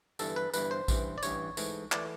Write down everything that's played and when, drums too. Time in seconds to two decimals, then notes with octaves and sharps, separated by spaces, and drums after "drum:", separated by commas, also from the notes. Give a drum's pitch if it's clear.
0.19 G1 G2 E3 A4, drum: tambourine
0.36 B4
0.54 G1 G2 E3 B4, drum: tambourine
0.71 C5
0.88 A1 G2 E3, drum: kick A#1, tambourine
1.18 D5
1.23 A1 G2 E3 C#5, drum: tambourine
1.57 G#2 E3 A3, drum: tambourine
1.92 E3 A3 D5, drum: clap